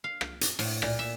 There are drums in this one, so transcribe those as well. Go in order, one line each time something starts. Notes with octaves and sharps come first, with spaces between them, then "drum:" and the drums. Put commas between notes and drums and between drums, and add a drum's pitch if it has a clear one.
F5
drum: rim click
drum: hi-hat
A2, drum: open hi-hat
A#2, drum: rim click
E5